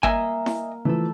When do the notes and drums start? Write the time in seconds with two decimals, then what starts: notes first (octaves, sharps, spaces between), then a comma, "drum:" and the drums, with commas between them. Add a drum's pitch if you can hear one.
0.03 A#3 D#5 E5 G#5, drum: kick G1
0.46 drum: snare E4
0.85 E3 F3 A3 A4